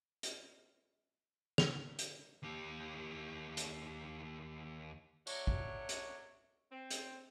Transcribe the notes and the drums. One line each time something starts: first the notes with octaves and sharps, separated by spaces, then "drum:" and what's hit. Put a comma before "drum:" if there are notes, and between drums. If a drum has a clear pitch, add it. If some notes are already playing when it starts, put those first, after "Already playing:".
drum: hi-hat
F7, drum: snare
drum: hi-hat
D#2 G4
drum: hi-hat
F#3 A3 D4 F#4 C#5, drum: tambourine
drum: kick
drum: hi-hat
C4
drum: hi-hat